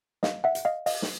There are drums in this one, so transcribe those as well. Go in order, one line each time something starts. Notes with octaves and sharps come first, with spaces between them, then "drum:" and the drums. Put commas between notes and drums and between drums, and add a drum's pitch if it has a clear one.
D#5 F5, drum: snare
E5 F#5
drum: hi-hat
D#5 F5
D#5 F5, drum: open hi-hat
drum: snare